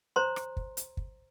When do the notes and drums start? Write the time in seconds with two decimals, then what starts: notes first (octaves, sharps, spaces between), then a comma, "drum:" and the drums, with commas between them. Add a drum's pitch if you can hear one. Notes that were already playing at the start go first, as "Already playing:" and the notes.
0.16 C5 C#5 A#5 C6
0.36 drum: rim click
0.57 drum: kick
0.77 drum: hi-hat
0.97 drum: kick